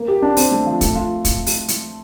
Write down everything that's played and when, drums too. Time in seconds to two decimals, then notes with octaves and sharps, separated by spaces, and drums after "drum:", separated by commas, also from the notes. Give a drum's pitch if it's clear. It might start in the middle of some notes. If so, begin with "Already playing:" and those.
Already playing: A#3
0.08 G4
0.22 D4
0.37 C4, drum: open hi-hat
0.51 A3
0.66 F3
0.81 A3, drum: kick, hi-hat
0.95 F4
1.25 drum: kick, hi-hat
1.46 drum: open hi-hat
1.68 drum: hi-hat